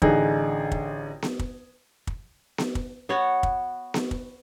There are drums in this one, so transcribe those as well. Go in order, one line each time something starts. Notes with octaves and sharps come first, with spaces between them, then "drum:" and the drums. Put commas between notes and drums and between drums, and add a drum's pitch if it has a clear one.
A1 D3 D#4 G#4, drum: kick
drum: kick
drum: snare B3
drum: kick
drum: kick
drum: snare B3
drum: kick
B3 F#4 C#5 F#5
drum: kick
drum: snare B3
drum: kick